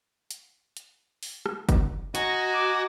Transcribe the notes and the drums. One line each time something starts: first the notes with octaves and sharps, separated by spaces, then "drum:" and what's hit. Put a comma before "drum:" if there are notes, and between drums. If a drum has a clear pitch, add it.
drum: hi-hat
drum: hi-hat
drum: open hi-hat
drum: rim click
drum: kick, hi-hat
F#4 D#5 G#5 A#5, drum: hi-hat
D6